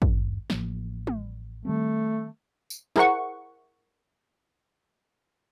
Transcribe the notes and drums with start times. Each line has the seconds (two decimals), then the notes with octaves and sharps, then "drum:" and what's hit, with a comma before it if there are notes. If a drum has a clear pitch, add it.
0.02 D#1 G2, drum: kick
0.50 A1 F3 A#3, drum: snare
1.07 drum: tom
1.65 D#3 G3 A3 C4
2.70 drum: tambourine
2.96 E4 G#4 A#4 C5 F#5 C#6, drum: snare